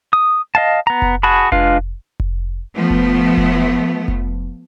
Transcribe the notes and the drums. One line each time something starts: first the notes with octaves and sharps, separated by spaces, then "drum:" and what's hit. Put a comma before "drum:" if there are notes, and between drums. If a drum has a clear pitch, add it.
D#6
D#5 F5 A5
B3 A#5
drum: kick F1
F#4 G#4 A5 B5
G#3 D4 F4 B4 F5, drum: kick F1
drum: kick F1
F3 A3 B3
drum: kick F1
drum: kick F1
drum: kick F1